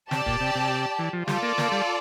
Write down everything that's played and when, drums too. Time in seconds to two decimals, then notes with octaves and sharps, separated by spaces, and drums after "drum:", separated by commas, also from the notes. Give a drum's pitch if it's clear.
0.11 C3 G4 D5 A5, drum: snare
0.26 A#2, drum: kick
0.41 C3
0.55 C3
0.99 E3
1.13 F3
1.28 G3 F4 A4 D5, drum: snare
1.42 A#3
1.58 A#3, drum: snare
1.72 G3